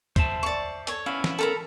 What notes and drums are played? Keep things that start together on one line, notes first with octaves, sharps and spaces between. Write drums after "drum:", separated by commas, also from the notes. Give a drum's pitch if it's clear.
C5 E5 A5, drum: kick, hi-hat
D5 C#6
A4 C#5, drum: hi-hat
B3 C#4 E4 F5
drum: snare
A4 A#4 B5